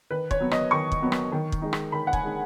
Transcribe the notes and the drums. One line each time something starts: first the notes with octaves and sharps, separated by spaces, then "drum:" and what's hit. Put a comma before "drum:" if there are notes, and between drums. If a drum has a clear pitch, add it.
D#3 B4
C#5, drum: kick
F#3 B3
D#5, drum: rim click
D#3 C#6
drum: kick
F#3 B3
drum: rim click
D#3
drum: kick
G#3 D#4
drum: rim click
D#3 B5
F#5
G#5, drum: kick
G#3 D#4